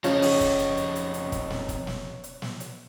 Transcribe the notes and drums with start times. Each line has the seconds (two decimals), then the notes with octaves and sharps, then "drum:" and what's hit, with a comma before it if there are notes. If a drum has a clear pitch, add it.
0.04 F2 C#3 F3 D#4 C#5, drum: hi-hat
0.22 drum: open hi-hat
0.41 drum: kick, hi-hat
0.59 drum: hi-hat
0.77 drum: hi-hat
0.95 drum: hi-hat
1.14 drum: hi-hat
1.32 drum: kick, hi-hat
1.50 drum: snare
1.69 drum: kick, hi-hat
1.87 drum: snare
2.24 drum: hi-hat
2.42 drum: snare
2.60 drum: hi-hat